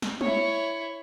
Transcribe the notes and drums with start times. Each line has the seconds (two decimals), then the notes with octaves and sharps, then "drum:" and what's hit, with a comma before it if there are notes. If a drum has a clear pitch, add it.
0.02 drum: snare
0.21 E4 C#5, drum: tom